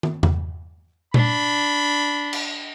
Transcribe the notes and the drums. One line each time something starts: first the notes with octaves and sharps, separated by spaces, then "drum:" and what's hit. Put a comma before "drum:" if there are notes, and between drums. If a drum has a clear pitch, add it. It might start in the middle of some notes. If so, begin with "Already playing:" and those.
drum: tom
drum: tom E2
D4 B5, drum: tom A#2
drum: cymbal